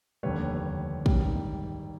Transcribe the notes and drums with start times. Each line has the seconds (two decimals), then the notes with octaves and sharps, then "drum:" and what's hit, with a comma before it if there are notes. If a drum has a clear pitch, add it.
0.23 F1 D#2 D3 G3 B4 C#5
1.06 G#2 D#3 G3, drum: kick